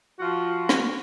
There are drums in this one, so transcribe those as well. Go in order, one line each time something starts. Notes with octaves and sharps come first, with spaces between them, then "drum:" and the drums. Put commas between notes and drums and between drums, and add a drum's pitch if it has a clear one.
F3 F4 F#4
drum: rim click